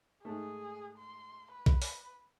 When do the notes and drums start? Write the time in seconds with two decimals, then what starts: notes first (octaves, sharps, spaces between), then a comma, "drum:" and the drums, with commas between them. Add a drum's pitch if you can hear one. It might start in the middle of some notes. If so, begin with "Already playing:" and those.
0.25 G#2 A3 G#4
0.98 C6
1.52 B4
1.66 drum: kick B1
1.82 drum: open hi-hat